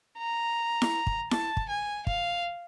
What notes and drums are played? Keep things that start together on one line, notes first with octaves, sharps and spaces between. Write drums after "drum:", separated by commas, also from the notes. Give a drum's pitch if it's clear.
A#5
drum: snare E4
drum: kick
A5, drum: snare E4
drum: kick
G#5
F5, drum: kick